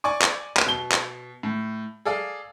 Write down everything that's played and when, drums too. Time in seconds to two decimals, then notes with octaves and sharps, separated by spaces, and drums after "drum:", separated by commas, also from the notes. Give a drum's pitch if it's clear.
0.04 D5 G#5 C#6
0.22 drum: clap
0.57 drum: clap
0.66 B2 G7
0.92 drum: clap
1.43 A2
2.05 G#4 A4 D5 F5